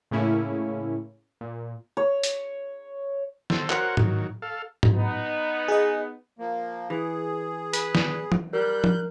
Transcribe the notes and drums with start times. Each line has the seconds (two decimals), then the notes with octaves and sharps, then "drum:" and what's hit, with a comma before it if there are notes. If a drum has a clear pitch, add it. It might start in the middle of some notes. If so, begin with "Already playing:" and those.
0.11 A2 C#3 A3 A#3 C#4 E4
1.41 A#2
1.97 C#5
2.23 drum: hi-hat
3.50 A4 C5, drum: snare
3.70 F#4 A#4 C5 C#5 F#5, drum: clap
3.97 D#3 F#3, drum: tom G#2
4.42 A4 F5
4.83 drum: tom G#2
4.95 B3 D#4
5.68 G#4 D#5
6.39 F3 A#3
6.90 E3 G#4
7.73 B4, drum: hi-hat
7.95 drum: snare
8.32 drum: tom E3
8.53 G3 A#4 F#6 G6
8.84 drum: tom F3